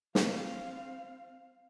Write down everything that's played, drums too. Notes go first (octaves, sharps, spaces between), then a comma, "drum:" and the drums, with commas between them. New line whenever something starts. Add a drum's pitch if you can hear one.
C4 F5, drum: snare